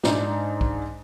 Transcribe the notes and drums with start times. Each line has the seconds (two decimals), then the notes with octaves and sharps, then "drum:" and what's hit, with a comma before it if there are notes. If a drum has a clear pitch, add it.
0.03 G#2 D4 D#4, drum: snare
0.61 drum: kick